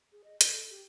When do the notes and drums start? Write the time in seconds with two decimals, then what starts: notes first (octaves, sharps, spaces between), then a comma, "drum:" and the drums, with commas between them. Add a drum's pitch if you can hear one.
0.12 G#4
0.24 D#5
0.41 G6, drum: hi-hat
0.52 A4
0.70 G4